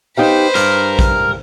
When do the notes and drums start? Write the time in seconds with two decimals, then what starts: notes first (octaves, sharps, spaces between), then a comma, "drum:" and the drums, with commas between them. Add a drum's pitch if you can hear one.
0.17 D#4 G4 B4 C5 F5
0.55 G2 A#4, drum: hi-hat
0.99 drum: kick A#1, hi-hat